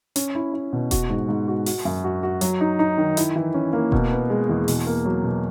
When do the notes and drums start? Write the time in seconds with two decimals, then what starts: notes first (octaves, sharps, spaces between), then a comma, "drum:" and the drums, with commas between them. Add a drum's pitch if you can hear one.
0.16 C#4, drum: hi-hat
0.35 E4
0.53 E4
0.73 B2
0.91 F#4, drum: kick E1, hi-hat
1.10 G#2
1.29 G#2
1.48 F#4
1.66 F#4, drum: open hi-hat
1.85 F#2
2.04 F#4
2.23 F#4
2.41 F#3, drum: hi-hat
2.61 D#4
2.79 D#4
2.98 D#3
3.17 E4, drum: hi-hat
3.36 E3
3.54 C#4
3.73 A#3
3.92 B2, drum: kick E1
4.11 B3
4.30 G#3
4.49 E2
4.68 B2, drum: open hi-hat
4.86 A#3
5.05 F#3
5.24 B2